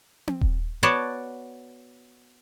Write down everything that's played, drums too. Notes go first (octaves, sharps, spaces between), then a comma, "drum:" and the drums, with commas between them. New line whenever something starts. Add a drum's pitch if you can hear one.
drum: tom C4
drum: kick D#1
B3 F#4 C#5 D5 A5